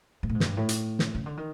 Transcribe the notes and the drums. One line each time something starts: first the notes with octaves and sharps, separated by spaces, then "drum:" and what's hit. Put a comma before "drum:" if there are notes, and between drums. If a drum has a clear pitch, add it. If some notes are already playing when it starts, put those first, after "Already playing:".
G#2
A2
G#2
F#2, drum: snare
G2
A2
drum: hi-hat
drum: snare
C#3
D3
D#3